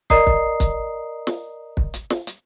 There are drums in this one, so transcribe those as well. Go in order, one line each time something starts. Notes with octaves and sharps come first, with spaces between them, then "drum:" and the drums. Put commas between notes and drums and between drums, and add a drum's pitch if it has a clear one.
A#4 D5 D#5 A#5 D#6 C7, drum: kick
drum: kick
drum: kick, hi-hat
drum: snare
drum: kick
drum: hi-hat
drum: snare
drum: hi-hat